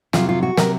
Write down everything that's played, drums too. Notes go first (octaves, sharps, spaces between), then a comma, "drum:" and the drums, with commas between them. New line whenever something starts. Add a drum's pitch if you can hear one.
F2 C3 F#3 F4, drum: snare
F4
F#4
C3 F#3 A#4, drum: snare